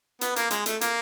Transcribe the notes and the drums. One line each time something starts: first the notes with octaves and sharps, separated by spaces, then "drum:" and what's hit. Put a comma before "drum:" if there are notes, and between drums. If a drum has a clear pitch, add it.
B3, drum: hi-hat
A#3, drum: hi-hat
G#3, drum: hi-hat
A3, drum: hi-hat
A#3, drum: hi-hat